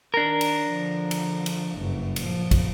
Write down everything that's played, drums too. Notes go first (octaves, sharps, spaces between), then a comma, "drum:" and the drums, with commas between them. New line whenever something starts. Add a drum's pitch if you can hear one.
D#3 D4 A#4
drum: cymbal
D3 F3
drum: cymbal
drum: cymbal
F#1 G2
A#2 F3, drum: cymbal
drum: kick, cymbal